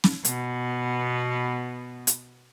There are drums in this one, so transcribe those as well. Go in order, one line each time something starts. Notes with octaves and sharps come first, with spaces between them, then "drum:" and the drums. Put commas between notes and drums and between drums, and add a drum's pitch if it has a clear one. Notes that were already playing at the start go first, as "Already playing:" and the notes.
drum: snare
B2 B3, drum: hi-hat
drum: hi-hat